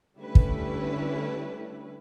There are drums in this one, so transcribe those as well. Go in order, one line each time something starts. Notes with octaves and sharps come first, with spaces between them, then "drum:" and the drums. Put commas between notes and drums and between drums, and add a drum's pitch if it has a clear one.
D3 G3 A3 C#4 E4 B4
drum: kick